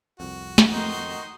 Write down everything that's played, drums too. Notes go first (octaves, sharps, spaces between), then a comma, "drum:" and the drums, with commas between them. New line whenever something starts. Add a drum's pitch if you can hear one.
C2 F2 F#4
drum: snare
F2 D#3 D#4 C6 D#6